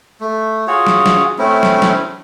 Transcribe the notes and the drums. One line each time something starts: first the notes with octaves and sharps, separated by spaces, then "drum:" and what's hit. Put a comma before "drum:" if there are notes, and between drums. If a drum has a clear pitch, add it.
A3
F4 F#4 G#4 C#5
drum: snare
drum: snare
A3 C4 C#4 E4
drum: snare
drum: snare